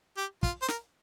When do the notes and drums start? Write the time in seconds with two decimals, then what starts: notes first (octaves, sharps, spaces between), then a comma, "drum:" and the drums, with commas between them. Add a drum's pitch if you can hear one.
0.17 G4
0.43 F4, drum: kick
0.62 C5
0.68 A#4, drum: snare